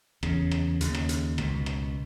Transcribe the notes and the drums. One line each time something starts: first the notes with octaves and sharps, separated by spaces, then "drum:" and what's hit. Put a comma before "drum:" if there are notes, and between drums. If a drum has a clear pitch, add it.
E2 C#3, drum: rim click
drum: rim click
D#2 C#3, drum: hi-hat
drum: rim click
drum: hi-hat
C#2 B2, drum: rim click
drum: rim click